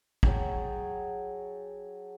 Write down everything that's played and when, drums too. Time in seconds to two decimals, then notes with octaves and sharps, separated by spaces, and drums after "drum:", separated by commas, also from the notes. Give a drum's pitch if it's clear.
0.23 F#3 G#4 G5 A5, drum: kick